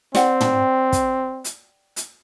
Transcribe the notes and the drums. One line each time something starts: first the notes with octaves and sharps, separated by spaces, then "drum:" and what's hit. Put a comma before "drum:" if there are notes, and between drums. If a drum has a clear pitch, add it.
C4 D5 F#5 G5, drum: snare
drum: tom
drum: kick, hi-hat
drum: hi-hat
drum: hi-hat